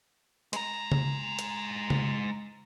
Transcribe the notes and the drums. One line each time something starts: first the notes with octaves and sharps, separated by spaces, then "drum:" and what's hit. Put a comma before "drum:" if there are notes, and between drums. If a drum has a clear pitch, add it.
G#3 A#5, drum: hi-hat
drum: tom C#3
drum: hi-hat
drum: tom C#3